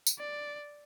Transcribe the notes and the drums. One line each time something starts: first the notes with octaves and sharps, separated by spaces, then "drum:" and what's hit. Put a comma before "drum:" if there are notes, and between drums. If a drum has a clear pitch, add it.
drum: tambourine
D5